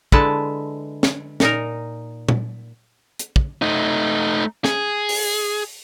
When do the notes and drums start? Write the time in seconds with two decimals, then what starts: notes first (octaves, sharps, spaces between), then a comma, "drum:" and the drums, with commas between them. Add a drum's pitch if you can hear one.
0.12 D3 G#3 E4 B4 A5, drum: kick
1.03 drum: snare
1.40 A#2 D#4 A#4, drum: snare
2.29 drum: tom
3.19 drum: hi-hat
3.36 drum: kick
3.62 A3 D#4
4.64 G#4, drum: snare
5.09 drum: open hi-hat